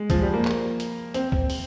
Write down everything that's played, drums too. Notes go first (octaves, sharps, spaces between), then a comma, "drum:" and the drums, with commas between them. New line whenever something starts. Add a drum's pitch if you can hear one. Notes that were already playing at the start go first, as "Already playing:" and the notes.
Already playing: G#3
F3, drum: kick, hi-hat
G3
A#3
drum: clap
drum: hi-hat
C4, drum: hi-hat
drum: kick
drum: open hi-hat